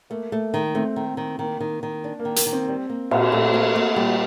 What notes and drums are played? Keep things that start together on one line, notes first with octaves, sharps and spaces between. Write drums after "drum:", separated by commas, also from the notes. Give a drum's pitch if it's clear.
A3 A#3
A3
D#3
A3 C4
D#3
D#3
D#3 A#3
D#3
D#3
D4
A#3
D#3
A#3, drum: hi-hat
D#3
C4
G3
A#3
A#2, drum: cymbal
A#2 A3
A#3
A#3
A#2 G3